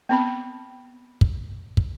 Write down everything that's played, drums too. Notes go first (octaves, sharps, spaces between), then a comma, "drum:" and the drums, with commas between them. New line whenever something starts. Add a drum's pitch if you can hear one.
B3 C4 B5
drum: kick
drum: kick